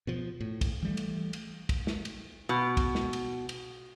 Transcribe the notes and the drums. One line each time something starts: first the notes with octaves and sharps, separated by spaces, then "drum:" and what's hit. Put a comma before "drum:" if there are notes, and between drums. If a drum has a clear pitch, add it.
B2 F3
A2
drum: kick, cymbal
E3 G3 A3
drum: cymbal
drum: cymbal
drum: kick, cymbal
drum: snare
drum: cymbal
B2
drum: kick, cymbal
drum: snare
drum: cymbal
drum: cymbal